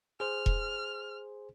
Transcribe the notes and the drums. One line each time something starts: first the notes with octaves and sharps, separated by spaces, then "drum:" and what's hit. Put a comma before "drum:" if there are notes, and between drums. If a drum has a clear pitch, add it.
G#4 C5 F6
drum: kick E1